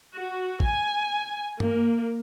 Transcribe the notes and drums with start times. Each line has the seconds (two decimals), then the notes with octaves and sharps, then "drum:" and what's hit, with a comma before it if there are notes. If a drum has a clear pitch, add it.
0.14 F#4
0.60 G#5, drum: kick
1.60 A#3, drum: tom G2